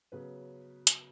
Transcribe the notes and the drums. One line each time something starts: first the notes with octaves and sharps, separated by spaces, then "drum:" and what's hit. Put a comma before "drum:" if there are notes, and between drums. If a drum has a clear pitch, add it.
C#3 F#3 B3 B4
drum: hi-hat